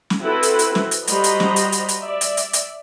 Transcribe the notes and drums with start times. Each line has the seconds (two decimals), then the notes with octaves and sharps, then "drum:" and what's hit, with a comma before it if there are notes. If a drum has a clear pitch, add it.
0.10 drum: snare
0.21 C4 E4 F#4 A4 B4 C5
0.43 drum: hi-hat
0.59 drum: hi-hat
0.75 drum: snare
0.91 drum: hi-hat
1.07 G3 F#4 C5 D#5 A#5 B5, drum: hi-hat
1.24 drum: hi-hat
1.40 drum: snare
1.56 drum: hi-hat
1.72 drum: hi-hat
1.89 drum: hi-hat
2.00 D5 E5
2.21 drum: hi-hat
2.37 drum: hi-hat
2.53 drum: hi-hat